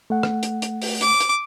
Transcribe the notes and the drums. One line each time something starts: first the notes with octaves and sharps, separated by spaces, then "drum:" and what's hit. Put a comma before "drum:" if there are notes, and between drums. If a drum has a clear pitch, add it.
A3 F#5
drum: rim click
drum: hi-hat
drum: hi-hat
drum: open hi-hat
D6, drum: hi-hat
drum: hi-hat